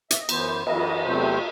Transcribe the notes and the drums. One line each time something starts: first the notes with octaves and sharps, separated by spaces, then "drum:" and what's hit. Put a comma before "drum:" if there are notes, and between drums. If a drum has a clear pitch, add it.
E5, drum: hi-hat
D#5
F#2 E3 B3 C5, drum: cymbal
F#2 E3 B3 D#5, drum: cymbal
E2 C3 F#3 A3 C4 C5